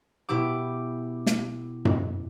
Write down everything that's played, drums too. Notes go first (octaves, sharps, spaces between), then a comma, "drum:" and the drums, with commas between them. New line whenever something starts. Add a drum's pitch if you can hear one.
B2 E4 G4 D6
drum: snare
drum: tom F#2